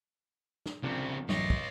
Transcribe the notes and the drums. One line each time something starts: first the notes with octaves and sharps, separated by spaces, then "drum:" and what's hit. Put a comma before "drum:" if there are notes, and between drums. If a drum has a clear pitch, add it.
drum: snare
C2 C#3 F3 C4 D4
A1 F#2 C#5 D#5 A#6 C7, drum: snare
drum: kick